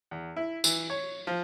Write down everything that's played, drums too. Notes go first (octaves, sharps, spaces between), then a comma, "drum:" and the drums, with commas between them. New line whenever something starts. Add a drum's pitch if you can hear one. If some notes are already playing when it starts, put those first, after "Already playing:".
E2
E4
E3, drum: tambourine
C#5
F3